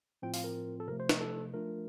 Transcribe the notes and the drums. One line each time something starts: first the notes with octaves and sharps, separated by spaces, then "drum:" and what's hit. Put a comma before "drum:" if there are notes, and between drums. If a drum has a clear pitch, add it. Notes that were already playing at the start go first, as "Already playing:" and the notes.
A2 F3 C4 F4 G5
F5, drum: open hi-hat
A#4
A4
C3 F3 A3 A#4
C5
A#4, drum: snare
A4
F3 A3 D4 F4 A#4